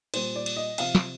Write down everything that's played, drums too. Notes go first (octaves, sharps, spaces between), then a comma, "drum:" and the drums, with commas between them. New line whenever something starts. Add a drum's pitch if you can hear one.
A#2 G3 C5, drum: cymbal
D5
drum: cymbal
D#5
C3 F3 F5, drum: cymbal
drum: snare